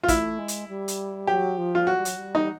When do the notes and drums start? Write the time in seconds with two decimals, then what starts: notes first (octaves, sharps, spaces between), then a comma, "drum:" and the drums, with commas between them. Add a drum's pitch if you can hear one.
0.03 F4
0.08 A3 E4, drum: kick, hi-hat
0.38 G#3
0.48 drum: hi-hat
0.68 G3
0.88 drum: hi-hat
1.27 F#3 G4
1.57 F3
1.75 F4
1.87 F#3 F#4
1.96 G3
2.05 F#3, drum: hi-hat
2.17 G3
2.35 D#4